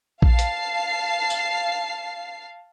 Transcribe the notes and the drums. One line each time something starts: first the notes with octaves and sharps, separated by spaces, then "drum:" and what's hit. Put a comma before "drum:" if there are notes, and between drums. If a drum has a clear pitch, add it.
F5 A5 C7, drum: kick A#1
drum: hi-hat
drum: tambourine